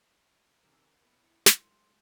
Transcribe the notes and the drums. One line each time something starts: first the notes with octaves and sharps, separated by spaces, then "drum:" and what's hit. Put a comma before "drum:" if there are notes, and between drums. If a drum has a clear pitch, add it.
F#2 C3 D#3 A#4 G#5 D6 E6
F#1 B3 E4 B4 C#7
G#2 F#3 G#3 A3 A#4 C6, drum: snare